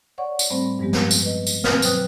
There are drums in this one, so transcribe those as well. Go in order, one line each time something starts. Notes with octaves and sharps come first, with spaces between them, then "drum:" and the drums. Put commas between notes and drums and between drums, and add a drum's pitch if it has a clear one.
C#5 D5 F#5 C#6
drum: tambourine
A2 G3 A3 C4 C5 B5
G2 F3 G3 G#3 B3 G4
drum: snare
drum: tambourine
B4 D#5
drum: tambourine
B2 D#3 C4 B4 D#6 F6, drum: snare
F#3 B4 C5 G5 D#6 F#6, drum: tambourine